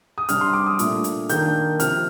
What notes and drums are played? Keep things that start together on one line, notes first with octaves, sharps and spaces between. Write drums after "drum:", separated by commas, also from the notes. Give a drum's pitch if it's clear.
D#6
C3 G3 D4 F6, drum: hi-hat
C6
D6
D#6
A#2 A3 D4, drum: hi-hat
drum: hi-hat
D#3 A#3 D4 G6, drum: hi-hat
C3 F3 C4 F6, drum: hi-hat